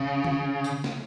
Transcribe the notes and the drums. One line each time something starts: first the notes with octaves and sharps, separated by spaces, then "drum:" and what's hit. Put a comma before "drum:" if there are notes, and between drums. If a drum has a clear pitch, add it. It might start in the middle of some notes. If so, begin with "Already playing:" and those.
Already playing: C#3
drum: tom D3
drum: tambourine
drum: snare